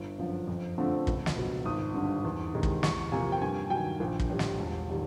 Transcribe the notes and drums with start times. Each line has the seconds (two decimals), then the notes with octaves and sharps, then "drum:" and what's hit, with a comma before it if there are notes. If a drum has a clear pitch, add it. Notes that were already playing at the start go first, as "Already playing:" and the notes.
Already playing: G1
0.18 F#2 D3 F3
0.47 F2
0.78 D3 F3 A3 C4
1.07 C#2, drum: kick
1.26 drum: snare
1.36 B2 F#3
1.65 G#1 D#6
1.94 G2 D3
2.24 E2
2.53 C3 D#3 G#3
2.63 drum: kick
2.83 E2 C#6, drum: snare
3.12 C3 F3 A#3 G#5
3.32 G5
3.42 G2 G#5
3.70 D#3 F#3 G5
4.00 A#1
4.20 drum: kick
4.29 A2 E3 G3
4.39 drum: snare
4.59 E1
4.89 D#3 G3